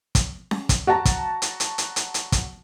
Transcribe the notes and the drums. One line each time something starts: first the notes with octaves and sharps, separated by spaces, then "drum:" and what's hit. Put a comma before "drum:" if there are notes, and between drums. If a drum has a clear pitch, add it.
drum: kick, hi-hat
drum: snare C#4
drum: kick, hi-hat
F#4 F#5 A5 A#5
drum: kick, hi-hat
drum: hi-hat
drum: hi-hat
drum: hi-hat
drum: hi-hat
drum: hi-hat
drum: kick, hi-hat